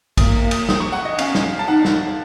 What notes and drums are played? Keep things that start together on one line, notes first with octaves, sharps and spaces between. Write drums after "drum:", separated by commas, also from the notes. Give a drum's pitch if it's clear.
A#3 D#6, drum: kick A1, cymbal
D#6, drum: cymbal
D#6, drum: snare
C#6
F#5
D#5
C#4 F5, drum: cymbal
drum: snare
A5
D#4 F#5
drum: snare